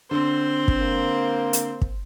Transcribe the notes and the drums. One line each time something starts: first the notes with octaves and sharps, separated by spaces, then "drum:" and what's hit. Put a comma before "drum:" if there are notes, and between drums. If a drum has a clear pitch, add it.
D3 C4 C5
drum: kick
A#3
drum: hi-hat
drum: kick